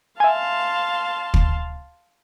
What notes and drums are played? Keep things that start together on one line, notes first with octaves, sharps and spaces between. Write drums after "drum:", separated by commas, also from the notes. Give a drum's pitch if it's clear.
E5 F5 G#5 A5 C6
drum: kick